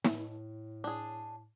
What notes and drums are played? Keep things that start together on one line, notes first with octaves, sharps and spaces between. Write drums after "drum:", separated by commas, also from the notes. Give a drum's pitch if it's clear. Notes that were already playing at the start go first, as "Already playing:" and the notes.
A2, drum: snare
D4 G#4